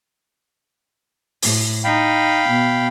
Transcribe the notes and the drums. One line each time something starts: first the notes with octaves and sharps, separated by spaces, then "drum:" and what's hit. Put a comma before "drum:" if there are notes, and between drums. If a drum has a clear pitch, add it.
A2, drum: open hi-hat
D#4 F5 G5 B5
B2